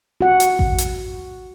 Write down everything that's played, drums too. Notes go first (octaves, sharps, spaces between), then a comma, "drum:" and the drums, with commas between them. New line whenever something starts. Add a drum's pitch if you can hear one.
F#4 F#5
drum: hi-hat
drum: kick A1
drum: hi-hat